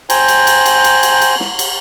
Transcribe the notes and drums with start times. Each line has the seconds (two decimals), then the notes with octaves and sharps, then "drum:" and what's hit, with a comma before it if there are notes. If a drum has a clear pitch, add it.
0.10 C5 G5 G#5 A#5, drum: cymbal
0.28 drum: cymbal
0.47 drum: cymbal
0.66 drum: cymbal
0.84 drum: cymbal
1.03 drum: cymbal
1.22 drum: cymbal
1.40 drum: snare
1.59 drum: cymbal